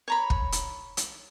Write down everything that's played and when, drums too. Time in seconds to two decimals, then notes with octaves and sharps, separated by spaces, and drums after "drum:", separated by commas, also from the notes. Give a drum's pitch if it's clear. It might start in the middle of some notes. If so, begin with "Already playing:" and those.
0.08 C#5 A#5 B5
0.30 drum: kick
0.52 drum: hi-hat
0.97 drum: hi-hat